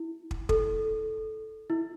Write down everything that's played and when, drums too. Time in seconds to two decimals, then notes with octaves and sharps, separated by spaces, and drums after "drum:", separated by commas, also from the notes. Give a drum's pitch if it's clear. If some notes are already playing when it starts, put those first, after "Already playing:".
Already playing: E4
0.31 drum: kick
0.49 A4, drum: kick
1.70 E4